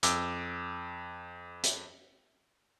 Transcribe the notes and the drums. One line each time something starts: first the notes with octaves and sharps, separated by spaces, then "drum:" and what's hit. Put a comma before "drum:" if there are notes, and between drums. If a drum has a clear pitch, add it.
F2 D6 E6, drum: hi-hat
drum: hi-hat